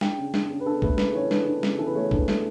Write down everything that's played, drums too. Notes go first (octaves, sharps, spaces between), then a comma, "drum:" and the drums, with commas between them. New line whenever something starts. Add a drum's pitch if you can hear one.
D4 G5, drum: snare
C#3
D4, drum: snare
C#3
B4
D4 A4
A3 B4, drum: kick C2
C#3 B4, drum: snare
E3 C#5
D4 B4, drum: snare
D4
C#3, drum: snare
E3 A4
B4
A3 C#5
D4, drum: kick C2
B4
A3, drum: snare